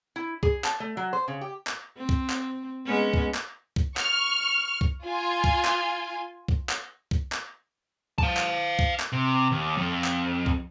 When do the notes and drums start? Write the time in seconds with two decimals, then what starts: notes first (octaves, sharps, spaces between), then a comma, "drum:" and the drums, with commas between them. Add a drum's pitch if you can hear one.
0.16 E4
0.43 G#4, drum: kick C2
0.64 A5, drum: clap
0.80 A3
0.97 F#3
1.13 C5
1.28 C#3
1.41 G4
1.67 drum: clap
1.97 C4
2.09 drum: kick C2
2.30 drum: clap
2.85 G#3 B3 C#4
3.14 drum: kick C2
3.34 drum: clap
3.76 drum: kick C2
3.97 C#6 F6, drum: clap
4.81 drum: kick C2
5.05 F4 G#5
5.44 drum: kick C2
5.65 drum: clap
6.48 drum: kick C2
6.69 drum: clap
7.11 drum: kick C2
7.32 drum: clap
8.18 F5 A5, drum: kick C2
8.37 drum: clap
8.79 drum: kick C2
9.00 drum: clap
9.13 C3
9.52 D#2
9.78 F2
10.04 drum: clap
10.46 drum: kick C2